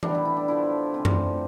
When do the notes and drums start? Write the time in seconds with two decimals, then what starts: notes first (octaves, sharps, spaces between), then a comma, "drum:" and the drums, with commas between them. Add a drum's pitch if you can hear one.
0.03 A2 G3 B3 D4, drum: tom E3
0.15 E4
0.25 E4
0.37 D4
0.48 D3 F3 A3 E4
0.94 C3 E3 G3 C4 F4
1.05 drum: tom F#2